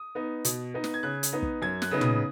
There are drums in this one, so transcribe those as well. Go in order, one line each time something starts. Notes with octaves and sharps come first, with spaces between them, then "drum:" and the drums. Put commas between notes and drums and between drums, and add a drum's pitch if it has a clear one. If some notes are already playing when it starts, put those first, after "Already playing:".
Already playing: D#6
B3 D#4
B2, drum: hi-hat
B3 D#4
drum: snare
G#6
C#3 F#6
drum: hi-hat
B3 D#4
drum: kick
F#2 G#6
F#6, drum: snare
C#3 B3 D#4
D#6, drum: tom